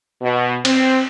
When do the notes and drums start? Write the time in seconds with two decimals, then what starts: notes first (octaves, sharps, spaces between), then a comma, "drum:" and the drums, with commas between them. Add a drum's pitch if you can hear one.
0.22 B2
0.65 C4, drum: cymbal